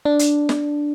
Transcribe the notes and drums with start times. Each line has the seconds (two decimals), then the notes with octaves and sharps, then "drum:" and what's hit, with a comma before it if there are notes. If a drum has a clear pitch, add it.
0.05 D4
0.19 drum: hi-hat
0.49 drum: snare